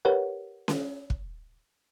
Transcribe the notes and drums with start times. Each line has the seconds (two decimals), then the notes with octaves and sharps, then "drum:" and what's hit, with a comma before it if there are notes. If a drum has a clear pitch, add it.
0.05 G4 A#4 B4 C#5 F#5
0.68 drum: snare C#4
1.10 drum: kick